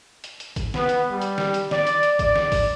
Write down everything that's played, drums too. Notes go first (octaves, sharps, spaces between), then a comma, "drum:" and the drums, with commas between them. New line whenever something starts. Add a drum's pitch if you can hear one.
drum: hi-hat
drum: hi-hat
drum: kick, hi-hat
B3, drum: snare
drum: hi-hat
G3
drum: hi-hat
drum: snare
drum: hi-hat
D5, drum: snare
drum: hi-hat
drum: hi-hat
D5, drum: kick, hi-hat
drum: snare
drum: kick, open hi-hat